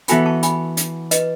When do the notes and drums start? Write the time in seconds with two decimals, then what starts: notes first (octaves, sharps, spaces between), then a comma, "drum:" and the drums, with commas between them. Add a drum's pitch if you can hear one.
0.08 E3 B3 F#4 A4 G#5 B5, drum: hi-hat
0.26 A5 C#6
0.43 G#5 B5, drum: hi-hat
0.77 drum: hi-hat
1.11 B4 D#5, drum: hi-hat